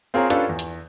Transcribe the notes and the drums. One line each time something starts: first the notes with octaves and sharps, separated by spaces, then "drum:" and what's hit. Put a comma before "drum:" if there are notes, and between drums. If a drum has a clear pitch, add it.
C4 F4 G#4 A#4 C#5
C#4 D4 F4 G4 A4 B4, drum: hi-hat
E2
drum: hi-hat